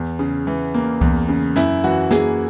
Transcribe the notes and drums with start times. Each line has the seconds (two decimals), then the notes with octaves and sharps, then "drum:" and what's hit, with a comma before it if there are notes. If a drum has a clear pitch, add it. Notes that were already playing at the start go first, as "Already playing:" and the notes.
Already playing: E2
0.19 C#3
0.47 E3
0.74 A#3
1.01 E2, drum: kick C2
1.29 C#3
1.56 F#2 E4, drum: snare
1.84 E3 F#4
2.11 A#3 G#4, drum: snare